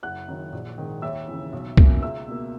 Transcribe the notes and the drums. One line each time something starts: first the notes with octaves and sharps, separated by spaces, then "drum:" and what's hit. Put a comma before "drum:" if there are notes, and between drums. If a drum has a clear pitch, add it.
F#1 F#5 F#6
F#2 D#3
A#1
G#2 D#3
D#2 E5 E6
C#3 E3
B1
B2 A#3 C#4, drum: kick
C#2 E5 E6
B2 A#3